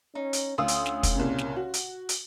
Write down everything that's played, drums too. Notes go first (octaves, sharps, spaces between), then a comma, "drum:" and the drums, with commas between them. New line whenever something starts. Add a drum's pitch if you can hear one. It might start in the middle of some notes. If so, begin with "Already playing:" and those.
C#4 D#4
drum: hi-hat
D2 C#4 F4 C6 D#6 E6
drum: hi-hat
drum: snare
drum: kick, hi-hat
C2 A#2 C#3
drum: snare
F#4
drum: hi-hat
drum: hi-hat